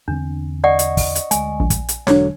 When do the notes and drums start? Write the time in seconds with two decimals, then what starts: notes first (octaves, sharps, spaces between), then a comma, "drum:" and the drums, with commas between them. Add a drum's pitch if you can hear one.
0.08 E2 D3 C4 D4
0.64 D5 D#5 F#5 C#6
0.79 drum: hi-hat
0.97 drum: kick, open hi-hat
1.15 drum: hi-hat
1.31 D2 G#3 G#5, drum: hi-hat
1.60 A#1
1.70 drum: kick, hi-hat
1.89 drum: hi-hat
2.07 E1 D3 F#3 G#3 D4 C#5, drum: snare